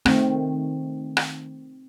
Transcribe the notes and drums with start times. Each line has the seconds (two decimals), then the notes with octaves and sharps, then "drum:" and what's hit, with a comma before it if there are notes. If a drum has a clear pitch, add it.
0.06 D#3 A3 C4, drum: rim click
1.17 drum: rim click